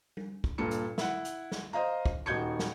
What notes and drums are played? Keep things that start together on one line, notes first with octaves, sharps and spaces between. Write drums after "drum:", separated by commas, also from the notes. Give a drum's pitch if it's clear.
drum: tom G3
drum: kick
G2 A#2 A4 C#7
drum: hi-hat
E4 F#5, drum: snare
drum: hi-hat
drum: snare
C5 D#5 F5 A#5
drum: kick
D#1 D#4 F#4 G6 G#6 C#7
drum: snare